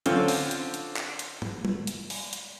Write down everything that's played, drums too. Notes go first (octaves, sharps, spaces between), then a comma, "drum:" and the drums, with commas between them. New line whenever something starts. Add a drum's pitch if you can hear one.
D3 C4 C#4 F4 C5, drum: hi-hat
drum: open hi-hat
drum: hi-hat
drum: hi-hat
drum: clap
drum: hi-hat
drum: tom
drum: tom G3
drum: hi-hat
drum: open hi-hat
drum: hi-hat